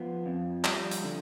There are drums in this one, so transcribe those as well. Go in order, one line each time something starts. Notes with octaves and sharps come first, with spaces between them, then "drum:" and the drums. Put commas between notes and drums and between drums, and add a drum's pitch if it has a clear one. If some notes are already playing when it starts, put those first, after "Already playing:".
Already playing: F3 B3 F4
F2
G3, drum: clap
drum: hi-hat
D3